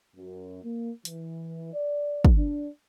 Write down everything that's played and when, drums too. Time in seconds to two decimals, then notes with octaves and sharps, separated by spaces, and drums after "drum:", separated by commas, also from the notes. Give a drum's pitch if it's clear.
0.15 F#2
0.63 A#3
1.05 E3, drum: hi-hat
1.74 D5
2.25 drum: kick
2.37 D4